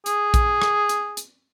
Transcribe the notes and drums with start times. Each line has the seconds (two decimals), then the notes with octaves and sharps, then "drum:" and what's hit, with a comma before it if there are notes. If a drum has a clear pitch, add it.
0.06 G#4, drum: hi-hat
0.34 drum: kick A#1, hi-hat
0.62 drum: rim click
0.89 drum: hi-hat
1.17 drum: hi-hat